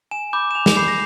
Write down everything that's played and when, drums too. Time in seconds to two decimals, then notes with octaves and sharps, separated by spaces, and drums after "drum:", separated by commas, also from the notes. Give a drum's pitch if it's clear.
0.11 G#5 E7
0.33 B5 D6 G6
0.51 E7
0.55 G#5 F7
0.66 F7, drum: snare
0.77 B5 D6 G6 C7
0.88 A#6